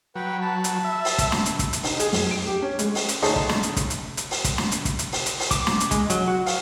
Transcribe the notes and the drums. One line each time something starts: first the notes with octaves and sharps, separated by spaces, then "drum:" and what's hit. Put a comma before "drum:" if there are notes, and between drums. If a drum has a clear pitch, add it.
F#3 B4 F#5 G5
A5 B5
drum: hi-hat
E5
drum: open hi-hat
drum: kick, hi-hat
drum: snare
drum: hi-hat
drum: kick, hi-hat
drum: hi-hat
D#4, drum: open hi-hat
G#4, drum: hi-hat
F#2, drum: open hi-hat
D7
G4
C#4
G#3, drum: hi-hat
drum: open hi-hat
drum: hi-hat
D2 D#4 G#4 C#5 A5, drum: open hi-hat
drum: kick
drum: snare
drum: hi-hat
drum: kick, hi-hat
drum: hi-hat
drum: hi-hat
drum: open hi-hat
drum: kick, hi-hat
drum: snare
drum: hi-hat
drum: kick, hi-hat
drum: hi-hat
drum: open hi-hat
drum: hi-hat
drum: open hi-hat
D6, drum: kick, hi-hat
drum: snare
drum: hi-hat
G#3, drum: kick, hi-hat
F#3, drum: hi-hat
F#4
F5, drum: open hi-hat